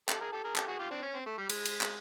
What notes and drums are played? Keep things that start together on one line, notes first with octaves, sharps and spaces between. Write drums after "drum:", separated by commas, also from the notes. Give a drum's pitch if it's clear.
G4 A4, drum: clap
G#4 A#4
G4 A4
G#4 A#4
G4 A4, drum: clap
F#4 G#4
F4 G4
C4 D4
C#4
C4
A3
G3
G#3, drum: cymbal
drum: cymbal
drum: clap